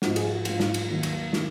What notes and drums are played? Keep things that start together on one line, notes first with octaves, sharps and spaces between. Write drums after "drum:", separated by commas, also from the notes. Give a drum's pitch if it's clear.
G#2 F3 F#4, drum: snare
G#4, drum: cymbal
F#4
G#2 F3 F4, drum: cymbal
drum: snare
drum: cymbal
D#2 D#3 F#3
drum: cymbal
D#3 F#3, drum: snare